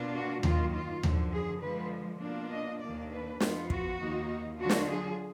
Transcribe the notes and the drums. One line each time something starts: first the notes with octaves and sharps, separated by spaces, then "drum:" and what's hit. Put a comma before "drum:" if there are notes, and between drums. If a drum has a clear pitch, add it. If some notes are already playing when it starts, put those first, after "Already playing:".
Already playing: B2 A#3 D4 F4
F#4
F#2 D#3 F#3 A#3 F4, drum: tom D#2
F4
F#2 D3 F3, drum: tom D#2
G#4
D3 F3 G#3 B4
B2 A#3 D4 F4
D#5
D#2 D#3 A#3 D4 D5
B4
F2 F3 B3 F4, drum: snare
F#4, drum: kick
D#2 D#3 A#3 D#4
D3 F#3 D4 F4 F#4
drum: snare
G#4